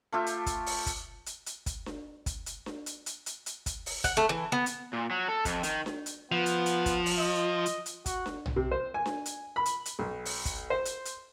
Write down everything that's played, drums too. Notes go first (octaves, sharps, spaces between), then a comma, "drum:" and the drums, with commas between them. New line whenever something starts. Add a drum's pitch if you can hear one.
A3 F4 G4 E5
drum: hi-hat
drum: kick, hi-hat
drum: open hi-hat
drum: kick, hi-hat
drum: hi-hat
drum: hi-hat
drum: kick, hi-hat
drum: snare D4
drum: kick, hi-hat
drum: hi-hat
drum: snare D4
drum: hi-hat
drum: hi-hat
drum: hi-hat
drum: hi-hat
drum: kick, hi-hat
drum: open hi-hat
F#5, drum: kick, hi-hat
A3
E3
B3
drum: hi-hat
A#2
F#3
A4
F2, drum: kick, hi-hat
D#3, drum: hi-hat
drum: snare D4
drum: hi-hat
F3 B3
drum: hi-hat
drum: hi-hat
drum: kick, hi-hat
drum: open hi-hat
D#5
drum: hi-hat
drum: hi-hat
F#4, drum: kick, hi-hat
drum: snare D4
drum: tom B1
C3
C5
G#5
drum: snare D4
drum: hi-hat
B5
drum: hi-hat
drum: hi-hat
B1
drum: open hi-hat
drum: kick, hi-hat
C5
drum: hi-hat
drum: hi-hat